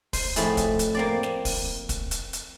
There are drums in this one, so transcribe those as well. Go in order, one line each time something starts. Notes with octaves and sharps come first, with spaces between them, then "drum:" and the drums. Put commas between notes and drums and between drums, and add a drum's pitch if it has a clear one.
C5, drum: kick, open hi-hat
F2 A2 A3 E4 G#4, drum: hi-hat
drum: kick, hi-hat
drum: hi-hat
A#3 C4 D5
drum: snare
drum: kick, open hi-hat
drum: kick, hi-hat
drum: hi-hat
drum: hi-hat